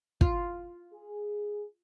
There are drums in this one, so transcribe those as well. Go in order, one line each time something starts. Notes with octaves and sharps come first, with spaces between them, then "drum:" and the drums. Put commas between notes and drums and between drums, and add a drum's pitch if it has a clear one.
F4, drum: kick
G#4